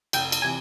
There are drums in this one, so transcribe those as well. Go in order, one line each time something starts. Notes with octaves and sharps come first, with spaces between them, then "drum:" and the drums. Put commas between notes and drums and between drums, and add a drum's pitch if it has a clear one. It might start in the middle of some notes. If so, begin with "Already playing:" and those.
F1 G5, drum: cymbal
drum: cymbal
C3 E3 G#5